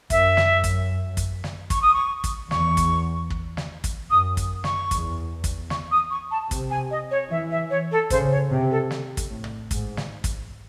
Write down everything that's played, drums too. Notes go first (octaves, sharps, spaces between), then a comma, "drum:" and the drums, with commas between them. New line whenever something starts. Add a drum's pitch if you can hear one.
F#2 E5, drum: kick, hi-hat
drum: snare
F#2
drum: kick, hi-hat
drum: kick, hi-hat
drum: snare
C#6, drum: kick, hi-hat
D#6
C#6
drum: kick, hi-hat
E2 C#6, drum: snare
drum: kick, hi-hat
drum: kick
drum: snare
drum: kick, hi-hat
F#2 D#6
drum: kick, hi-hat
C#6, drum: snare
E2, drum: kick, hi-hat
drum: kick, hi-hat
C#6, drum: snare
D#6
C#6
A5
C3, drum: kick, hi-hat
G#5
D#5
C#5
E3 E5
E5
C#5
A4
C#3 C5, drum: kick, hi-hat
C#5
C3
A4
drum: snare
drum: kick, hi-hat
A2
drum: tom
G#2, drum: kick, hi-hat
drum: snare
drum: kick, hi-hat